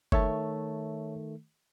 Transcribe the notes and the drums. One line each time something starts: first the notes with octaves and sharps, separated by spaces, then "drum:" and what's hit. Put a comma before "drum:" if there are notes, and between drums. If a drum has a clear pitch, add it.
D#3 A3 C#5 E5 A5, drum: kick F#1